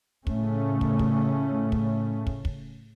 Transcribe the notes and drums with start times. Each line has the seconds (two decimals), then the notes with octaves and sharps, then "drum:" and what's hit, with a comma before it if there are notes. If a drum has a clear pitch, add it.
0.27 A2 C#3 A3 C#4, drum: kick
0.81 drum: kick
0.99 drum: kick
1.72 drum: kick
2.27 drum: kick
2.45 drum: kick